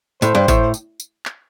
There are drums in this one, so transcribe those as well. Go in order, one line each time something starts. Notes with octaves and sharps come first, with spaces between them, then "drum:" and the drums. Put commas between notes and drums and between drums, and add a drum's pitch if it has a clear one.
A2 C5, drum: tambourine
G2
A2, drum: kick G#1, tambourine
drum: tambourine
drum: tambourine
drum: clap